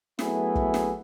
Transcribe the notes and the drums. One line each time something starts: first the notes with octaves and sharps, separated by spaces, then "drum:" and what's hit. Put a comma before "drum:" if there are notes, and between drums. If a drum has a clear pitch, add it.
F#3 A3 B3 E4 G#4, drum: snare
drum: kick
drum: snare